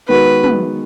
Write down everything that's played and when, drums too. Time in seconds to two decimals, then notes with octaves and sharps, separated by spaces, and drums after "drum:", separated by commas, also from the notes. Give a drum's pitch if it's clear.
0.08 D#3 G#3 B3 F#4 A#4 B4
0.44 drum: tom